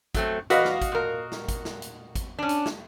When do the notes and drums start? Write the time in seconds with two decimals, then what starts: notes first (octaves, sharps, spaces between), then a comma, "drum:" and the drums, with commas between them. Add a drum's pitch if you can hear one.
0.15 F#3 A3 C4, drum: kick, hi-hat
0.50 E2 F#4 B4 D5 D#5 F5, drum: hi-hat
0.65 drum: snare
0.82 drum: kick, hi-hat
0.92 A#2 A#4
1.32 drum: snare
1.49 drum: kick, hi-hat
1.65 drum: snare
1.82 drum: hi-hat
2.15 drum: kick, hi-hat
2.39 C#4 D4
2.49 drum: hi-hat
2.66 drum: snare